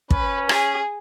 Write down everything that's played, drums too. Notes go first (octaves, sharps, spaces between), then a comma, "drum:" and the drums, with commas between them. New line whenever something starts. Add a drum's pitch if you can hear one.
C#4 B4, drum: kick
G#4, drum: rim click